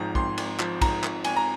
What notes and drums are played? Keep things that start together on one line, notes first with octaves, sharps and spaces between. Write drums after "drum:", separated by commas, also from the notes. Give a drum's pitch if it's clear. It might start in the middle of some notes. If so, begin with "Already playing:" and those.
Already playing: G#1 G#2 F3 A#5
G#1 C6, drum: kick
G#1, drum: cymbal
F3, drum: clap
G#2 A#5, drum: kick, cymbal
G#1, drum: clap
G#1 G#5, drum: cymbal
A#5